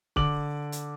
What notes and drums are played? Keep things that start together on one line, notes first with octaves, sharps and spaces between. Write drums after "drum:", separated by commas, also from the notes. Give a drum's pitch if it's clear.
D3 D6 F#7, drum: kick C#1
drum: hi-hat